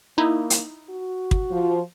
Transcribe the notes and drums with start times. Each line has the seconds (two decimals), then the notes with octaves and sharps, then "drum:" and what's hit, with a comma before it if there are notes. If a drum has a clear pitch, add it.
0.18 A#3 D#4 E4
0.50 drum: hi-hat
0.90 F#4
1.31 drum: kick
1.51 F3